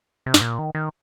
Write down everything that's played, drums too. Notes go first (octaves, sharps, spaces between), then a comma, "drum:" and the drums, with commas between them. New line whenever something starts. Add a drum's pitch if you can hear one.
C3
G2, drum: snare
A#2
D#3
D#3